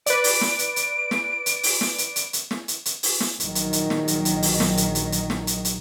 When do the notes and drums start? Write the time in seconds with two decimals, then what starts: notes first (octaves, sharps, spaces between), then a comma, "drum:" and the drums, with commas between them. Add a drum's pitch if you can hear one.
0.06 B4 D5 D7, drum: hi-hat
0.24 drum: open hi-hat
0.41 drum: snare
0.59 drum: hi-hat
0.76 drum: hi-hat
1.11 drum: snare
1.46 drum: hi-hat
1.63 drum: open hi-hat
1.81 drum: snare
1.98 drum: hi-hat
2.16 drum: hi-hat
2.33 drum: hi-hat
2.51 drum: snare
2.68 drum: hi-hat
2.85 drum: hi-hat
3.03 drum: open hi-hat
3.20 drum: snare
3.40 A#1 D#3 F#3, drum: hi-hat
3.55 drum: hi-hat
3.73 drum: hi-hat
3.90 drum: snare
4.08 drum: hi-hat
4.25 drum: hi-hat
4.42 drum: open hi-hat
4.60 drum: snare
4.77 drum: hi-hat
4.95 drum: hi-hat
5.12 drum: hi-hat
5.30 drum: snare
5.47 drum: hi-hat
5.65 drum: hi-hat